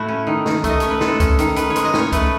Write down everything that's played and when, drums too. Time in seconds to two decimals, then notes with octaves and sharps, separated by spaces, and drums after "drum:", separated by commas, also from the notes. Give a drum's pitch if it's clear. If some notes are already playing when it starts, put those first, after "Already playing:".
Already playing: A2 A3 E4 F#4
0.08 C#4
0.27 D#3
0.46 D#3, drum: snare
0.64 A3, drum: kick C2, hi-hat
0.69 D#5
0.80 C#4 C#5, drum: hi-hat
0.90 B4
1.01 G#3 A4, drum: snare
1.20 C#4, drum: kick C2, hi-hat
1.39 D#3, drum: hi-hat
1.56 D#3 B4, drum: hi-hat
1.70 C#5
1.76 G#3, drum: hi-hat
1.85 D#5
1.94 C#4 C#5, drum: snare
2.12 A3 B4, drum: kick C2, hi-hat